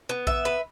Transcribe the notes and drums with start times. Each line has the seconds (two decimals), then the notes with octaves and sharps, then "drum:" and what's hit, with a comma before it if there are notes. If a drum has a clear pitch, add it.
0.09 B3
0.27 E5, drum: kick A#1
0.45 B4